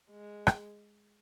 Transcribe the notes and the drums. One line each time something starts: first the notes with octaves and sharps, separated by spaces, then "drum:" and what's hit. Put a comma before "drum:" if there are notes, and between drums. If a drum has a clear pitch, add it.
G#3
drum: rim click